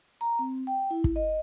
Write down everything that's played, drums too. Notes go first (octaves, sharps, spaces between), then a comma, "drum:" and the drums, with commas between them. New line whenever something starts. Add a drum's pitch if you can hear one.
A#5
C4
G5
E4
drum: kick
D#5